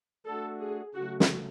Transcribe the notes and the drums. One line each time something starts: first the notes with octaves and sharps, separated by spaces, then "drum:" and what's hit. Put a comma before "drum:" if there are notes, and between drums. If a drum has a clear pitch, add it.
A3 D4 F#4 A4
G#4
C#3 F#3 A3 F#4
drum: snare